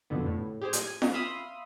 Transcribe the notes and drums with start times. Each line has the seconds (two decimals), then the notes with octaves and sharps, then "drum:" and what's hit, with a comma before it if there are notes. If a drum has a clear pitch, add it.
0.10 F2 B2 D3 B3
0.26 A2
0.61 G4 G#4 C5
0.73 drum: hi-hat
0.82 G#5
1.02 drum: snare
1.13 E5 F5 B5 C6 D#6